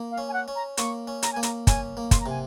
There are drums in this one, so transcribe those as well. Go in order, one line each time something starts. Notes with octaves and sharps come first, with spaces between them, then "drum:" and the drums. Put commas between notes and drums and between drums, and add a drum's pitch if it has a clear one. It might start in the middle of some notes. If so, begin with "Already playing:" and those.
Already playing: A#3
F5
C#4
G#5
F#5
C#4
A#5
A#3 C#6, drum: hi-hat
C#4
A#5, drum: hi-hat
A#3 G#5
A#5, drum: hi-hat
C#4 G#5, drum: kick, hi-hat
A#3
C6, drum: kick, hi-hat
A#5
C3 G#5